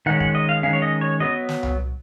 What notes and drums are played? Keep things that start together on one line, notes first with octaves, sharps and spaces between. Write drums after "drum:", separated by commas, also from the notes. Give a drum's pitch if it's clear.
D#3 G#3 C#4 F#5
F#5, drum: kick
D#5
F5
D#3 G#3 C#4 F5
C#5
D#5
C#5
F#3 B3 D#5
drum: snare
drum: tom C2